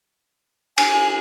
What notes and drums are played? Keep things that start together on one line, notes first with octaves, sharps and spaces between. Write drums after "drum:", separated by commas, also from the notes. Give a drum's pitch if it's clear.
G#5, drum: cymbal